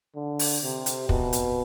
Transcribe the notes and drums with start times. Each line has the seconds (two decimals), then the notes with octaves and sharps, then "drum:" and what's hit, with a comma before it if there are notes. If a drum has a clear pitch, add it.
0.15 D3
0.39 drum: open hi-hat
0.63 C3
0.86 drum: hi-hat
1.09 B2, drum: kick
1.33 drum: hi-hat